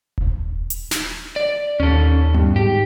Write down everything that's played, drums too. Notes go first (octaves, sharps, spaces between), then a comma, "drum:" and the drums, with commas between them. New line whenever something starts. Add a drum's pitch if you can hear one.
drum: kick D#1
drum: hi-hat
drum: snare
D5
D#2 C#4 A4
G2, drum: tom B3
G#2 G4